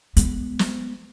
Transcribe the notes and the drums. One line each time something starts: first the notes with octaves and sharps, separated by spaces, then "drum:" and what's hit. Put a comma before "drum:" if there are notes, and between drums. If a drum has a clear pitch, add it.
G#3 B3, drum: hi-hat
drum: snare